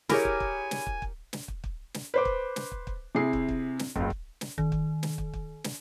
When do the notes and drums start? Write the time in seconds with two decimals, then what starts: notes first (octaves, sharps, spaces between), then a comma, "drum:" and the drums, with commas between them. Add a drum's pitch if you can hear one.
0.09 E4 G4 G#4 A#4 C#5 G#5, drum: snare
0.25 drum: kick
0.40 drum: kick
0.71 drum: snare
0.87 drum: kick
1.02 drum: kick
1.33 drum: snare
1.48 drum: kick
1.64 drum: kick
1.94 drum: snare
2.14 B4 C5 D6
2.25 drum: kick
2.56 drum: snare
2.71 drum: kick
2.87 drum: kick
3.15 C3 E4 G#4 C7
3.33 drum: kick
3.49 drum: kick
3.79 drum: snare
3.96 F#1 C#2, drum: kick
4.10 drum: kick
4.41 drum: snare
4.58 D#3, drum: kick
4.72 drum: kick
5.03 drum: snare
5.18 drum: kick
5.34 drum: kick
5.64 drum: snare